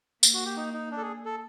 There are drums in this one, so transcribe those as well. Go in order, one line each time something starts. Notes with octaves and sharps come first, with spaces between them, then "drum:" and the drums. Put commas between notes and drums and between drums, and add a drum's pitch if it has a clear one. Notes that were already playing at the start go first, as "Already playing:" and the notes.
A#3, drum: tambourine
F#4
G4
D#4
D#4
D4
A4
G#4
A4